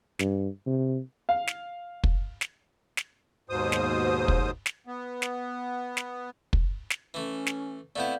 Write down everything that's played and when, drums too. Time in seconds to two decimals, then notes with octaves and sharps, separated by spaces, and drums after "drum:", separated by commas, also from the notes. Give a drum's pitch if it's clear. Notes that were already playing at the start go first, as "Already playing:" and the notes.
0.19 G2, drum: snare
0.66 C3
1.29 F5
1.47 drum: snare
2.04 drum: kick
2.41 drum: snare
2.97 drum: snare
3.50 D#2 G#2 B2 C5 D#6
3.72 drum: snare
4.28 drum: kick
4.66 drum: snare
4.87 B3
5.22 drum: snare
5.97 drum: snare
6.53 drum: kick
6.90 drum: snare
7.14 E3 A3 C#4
7.46 drum: snare
7.96 A3 B3 C4 E4 D5 F5 G6